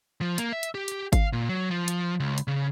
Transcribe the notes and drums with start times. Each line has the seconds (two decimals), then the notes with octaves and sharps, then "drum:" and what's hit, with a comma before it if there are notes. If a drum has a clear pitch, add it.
0.21 F3
0.38 A#3, drum: hi-hat
0.53 E5
0.63 drum: hi-hat
0.75 G4
0.88 drum: hi-hat
1.13 F5, drum: kick G#1, hi-hat
1.33 A#2
1.49 F#3
1.71 F3
1.88 drum: hi-hat
2.20 C#2
2.38 drum: hi-hat
2.48 C#3